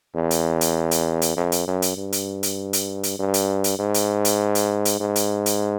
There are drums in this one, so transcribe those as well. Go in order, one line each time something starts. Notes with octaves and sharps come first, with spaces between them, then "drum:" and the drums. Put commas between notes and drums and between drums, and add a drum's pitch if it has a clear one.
E2
drum: hi-hat
drum: hi-hat
drum: hi-hat
drum: hi-hat
F2
drum: hi-hat
F#2
drum: hi-hat
G2
drum: hi-hat
drum: hi-hat
drum: hi-hat
drum: hi-hat
G2
drum: hi-hat
drum: hi-hat
G#2
drum: hi-hat
drum: hi-hat
drum: hi-hat
drum: hi-hat
G#2
drum: hi-hat
drum: hi-hat